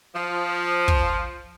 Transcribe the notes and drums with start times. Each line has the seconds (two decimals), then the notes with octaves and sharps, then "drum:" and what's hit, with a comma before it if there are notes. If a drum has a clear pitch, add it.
0.15 F3
0.88 drum: kick